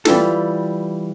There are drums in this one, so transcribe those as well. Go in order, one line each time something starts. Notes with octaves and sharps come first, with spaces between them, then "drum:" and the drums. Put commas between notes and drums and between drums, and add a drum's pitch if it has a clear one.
E3 G3 F4 A4, drum: snare